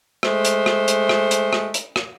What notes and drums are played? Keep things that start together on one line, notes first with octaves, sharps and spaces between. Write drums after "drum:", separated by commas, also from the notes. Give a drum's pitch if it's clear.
G#3 A3 C5, drum: rim click
drum: hi-hat
drum: rim click
drum: hi-hat
drum: rim click
drum: hi-hat
drum: rim click
drum: hi-hat
drum: rim click